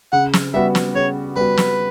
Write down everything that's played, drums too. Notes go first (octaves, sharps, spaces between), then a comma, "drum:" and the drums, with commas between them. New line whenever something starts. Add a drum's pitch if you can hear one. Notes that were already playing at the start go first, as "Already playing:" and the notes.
C#3 F#5
drum: snare
G3 B3 F#4 E5
drum: snare
C#3 C#5
G3 B3 F#4 B4
drum: snare